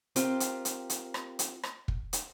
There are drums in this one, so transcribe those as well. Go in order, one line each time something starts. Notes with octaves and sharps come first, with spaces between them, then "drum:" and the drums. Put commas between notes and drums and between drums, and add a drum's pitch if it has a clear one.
C4 F4 G4 A#4, drum: hi-hat
drum: hi-hat
drum: hi-hat
drum: hi-hat
drum: rim click
drum: hi-hat
drum: rim click
drum: kick
drum: hi-hat